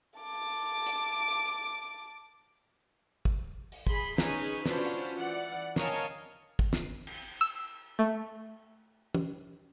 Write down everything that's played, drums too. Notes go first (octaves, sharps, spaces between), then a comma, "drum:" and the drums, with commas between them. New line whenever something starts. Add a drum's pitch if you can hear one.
A5 D6
drum: hi-hat
drum: kick
drum: open hi-hat
G#4 B5 C6, drum: kick
C#4 D#4 G#4 B4 G#5, drum: snare
C#4 D4 F4 F#4 B4 C5, drum: snare
drum: hi-hat
E3 D5 F#5
A#4 C#5 D#5 F5 G#5 A5, drum: snare
drum: kick
drum: snare
drum: cymbal
E6
A3
drum: tom